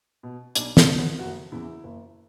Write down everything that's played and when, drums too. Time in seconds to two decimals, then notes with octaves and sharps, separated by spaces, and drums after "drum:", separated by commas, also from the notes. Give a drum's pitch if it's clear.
0.23 B2
0.55 B1 D4, drum: hi-hat
0.77 C#4, drum: snare
0.88 B2
0.99 B3
1.19 F#1 F#4
1.52 E2 C#3 E3 E4
1.84 F#1